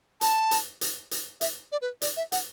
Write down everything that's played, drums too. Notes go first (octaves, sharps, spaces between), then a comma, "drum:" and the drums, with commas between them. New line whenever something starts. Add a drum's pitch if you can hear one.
A5, drum: hi-hat
drum: hi-hat
drum: hi-hat
drum: hi-hat
E5, drum: hi-hat
D5
B4
D5, drum: hi-hat
E5
F#5, drum: hi-hat